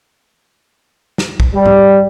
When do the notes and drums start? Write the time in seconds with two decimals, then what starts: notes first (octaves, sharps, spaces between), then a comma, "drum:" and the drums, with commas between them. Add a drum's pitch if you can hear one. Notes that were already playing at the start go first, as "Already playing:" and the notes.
1.18 drum: snare
1.40 drum: kick
1.54 G3
1.66 drum: tom G#2